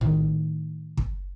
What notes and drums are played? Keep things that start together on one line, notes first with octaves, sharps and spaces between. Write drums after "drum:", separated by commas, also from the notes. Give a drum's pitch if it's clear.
A2 D#3, drum: tom A#1
drum: kick